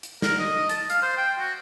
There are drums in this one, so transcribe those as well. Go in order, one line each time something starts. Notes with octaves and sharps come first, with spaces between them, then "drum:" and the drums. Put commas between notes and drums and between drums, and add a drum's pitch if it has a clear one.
drum: hi-hat
A#4, drum: snare
D#5
A5, drum: hi-hat
F5, drum: hi-hat
C5
G5
F#4